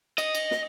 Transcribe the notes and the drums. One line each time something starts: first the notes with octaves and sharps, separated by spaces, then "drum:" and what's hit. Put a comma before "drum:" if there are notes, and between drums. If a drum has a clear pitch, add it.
D#5, drum: cymbal
drum: cymbal
drum: snare